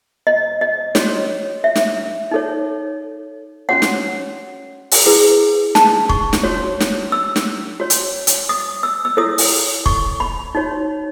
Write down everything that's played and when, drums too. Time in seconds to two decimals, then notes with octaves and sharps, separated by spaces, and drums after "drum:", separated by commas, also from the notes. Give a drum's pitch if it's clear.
0.27 D#5
0.61 D#5
0.95 F#4 C#5, drum: snare
1.64 E5
1.76 drum: snare
2.31 D#4 A4 C#5
3.69 C#4 F#4 C#5 F#5
3.82 drum: snare
4.91 drum: open hi-hat
5.06 E4 G#4 B4
5.75 A5, drum: snare
6.09 C#6, drum: kick
6.33 drum: snare
6.43 F#4 C#5
6.80 drum: snare
7.12 E6
7.36 drum: snare
7.80 F#4 C#5
7.90 drum: hi-hat
8.27 drum: hi-hat
8.49 D#6
8.83 E6
9.05 E6
9.17 E4 A4 C#5 D#6
9.38 drum: open hi-hat
9.86 C#6, drum: kick
10.20 B5
10.55 D#4 F#4 C#5